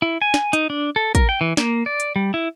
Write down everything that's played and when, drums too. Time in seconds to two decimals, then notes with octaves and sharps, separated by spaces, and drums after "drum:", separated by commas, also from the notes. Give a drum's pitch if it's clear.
0.02 E4
0.22 G#5
0.34 drum: snare
0.53 D#4, drum: hi-hat
0.70 D4
0.96 A4
1.15 A#4, drum: kick, hi-hat
1.29 G5
1.41 E3
1.57 A#3, drum: snare
1.86 D5
2.00 drum: hi-hat
2.16 G3
2.34 E4